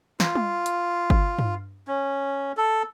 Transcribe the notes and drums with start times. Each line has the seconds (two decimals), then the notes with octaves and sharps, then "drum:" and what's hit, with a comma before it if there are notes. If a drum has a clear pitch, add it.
0.20 F4, drum: snare
0.35 drum: tom G3
0.66 drum: hi-hat
1.10 drum: kick G1
1.39 drum: tom G2
1.88 C#4
2.57 A4